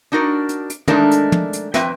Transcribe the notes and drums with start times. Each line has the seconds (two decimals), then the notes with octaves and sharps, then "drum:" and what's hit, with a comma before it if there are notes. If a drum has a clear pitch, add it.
0.12 D4 D#4 F#4 A#4 D5
0.49 drum: hi-hat
0.70 drum: hi-hat
0.88 G#3 A3 D4 D#4 A#4, drum: tom
1.11 drum: hi-hat
1.32 drum: tom
1.53 drum: hi-hat
1.74 F2 C4 B4 E5 G5, drum: snare